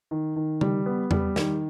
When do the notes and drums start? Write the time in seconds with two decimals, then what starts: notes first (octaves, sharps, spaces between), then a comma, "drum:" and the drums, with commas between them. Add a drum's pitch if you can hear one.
0.11 D#3
0.36 D#3
0.61 G3, drum: tom C#3
0.86 B3
1.11 G3, drum: tom E2
1.36 D#3, drum: snare